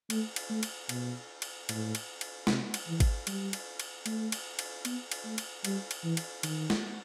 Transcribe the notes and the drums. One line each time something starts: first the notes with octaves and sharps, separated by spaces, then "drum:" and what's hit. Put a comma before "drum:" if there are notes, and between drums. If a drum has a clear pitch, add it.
A3, drum: cymbal
drum: cymbal
A3
drum: cymbal
B2, drum: cymbal
drum: cymbal
A2, drum: cymbal
drum: cymbal
drum: cymbal
C3, drum: snare
drum: cymbal
E3
drum: kick G#1, cymbal
G3, drum: cymbal
drum: cymbal
drum: cymbal
A3, drum: cymbal
drum: cymbal
drum: cymbal
B3, drum: cymbal
drum: cymbal
A3
drum: cymbal
G3, drum: cymbal
drum: cymbal
E3
drum: cymbal
D#3, drum: cymbal
drum: snare